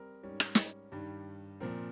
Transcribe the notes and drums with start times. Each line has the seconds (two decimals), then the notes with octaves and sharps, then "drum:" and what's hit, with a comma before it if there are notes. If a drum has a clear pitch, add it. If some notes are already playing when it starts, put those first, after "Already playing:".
Already playing: G3 C4 A#4
0.23 G#2 G3 C#4
0.40 drum: rim click
0.55 drum: snare
0.92 G2 D#3 G3
1.60 A#2 F3 C4 A#4